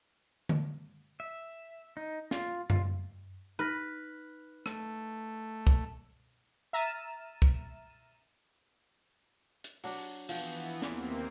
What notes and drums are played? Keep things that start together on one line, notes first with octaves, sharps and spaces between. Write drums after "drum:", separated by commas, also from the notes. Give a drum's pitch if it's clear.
drum: tom D3
E5
D#4
F4, drum: snare
F4, drum: tom F#2
D#4 B4 F6 A#6
A3, drum: rim click
drum: kick C2
E5 A#5 F6 A6 D#7 E7
drum: kick C2
drum: hi-hat
F#3 D4 B4, drum: open hi-hat
E3 F3 B3 F#4 G5, drum: open hi-hat
D#2 A#3 C4, drum: snare